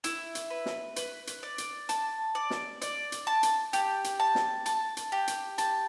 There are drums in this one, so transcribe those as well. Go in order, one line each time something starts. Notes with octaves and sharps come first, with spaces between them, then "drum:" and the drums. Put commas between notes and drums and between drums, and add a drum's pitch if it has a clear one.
E4, drum: hi-hat
drum: hi-hat
B4
drum: snare
B4, drum: hi-hat
drum: hi-hat
D5
drum: hi-hat
A5, drum: hi-hat
D5
drum: snare
D5, drum: hi-hat
drum: hi-hat
A5
drum: hi-hat
G4, drum: hi-hat
drum: hi-hat
A5
drum: snare
A5, drum: hi-hat
drum: hi-hat
G4
drum: hi-hat
A5, drum: hi-hat